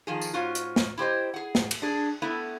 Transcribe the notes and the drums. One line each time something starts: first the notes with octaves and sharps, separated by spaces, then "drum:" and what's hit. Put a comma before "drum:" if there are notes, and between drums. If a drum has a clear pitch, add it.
D#3 F3 G#4
drum: tambourine
G#2 C#4 F4 F#4
drum: hi-hat
drum: snare
E4 G4 C5 D#5
G#4 F#5
drum: snare
drum: cymbal
D4 G#4
A3 B3 E4